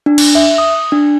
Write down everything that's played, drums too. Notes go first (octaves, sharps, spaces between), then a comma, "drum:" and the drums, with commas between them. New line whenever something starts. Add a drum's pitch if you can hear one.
D4
drum: cymbal
E5
D#6
D4